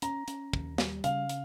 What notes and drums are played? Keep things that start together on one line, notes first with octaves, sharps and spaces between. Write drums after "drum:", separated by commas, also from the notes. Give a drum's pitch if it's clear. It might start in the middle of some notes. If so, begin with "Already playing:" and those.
C#4 A#5, drum: hi-hat
C#4, drum: hi-hat
D#2, drum: kick
G3, drum: snare
C#3 F5, drum: hi-hat
drum: hi-hat